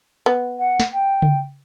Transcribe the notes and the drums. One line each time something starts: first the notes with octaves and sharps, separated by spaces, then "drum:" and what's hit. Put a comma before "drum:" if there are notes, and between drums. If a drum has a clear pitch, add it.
B3
F#5
drum: snare
G5
drum: tom C#3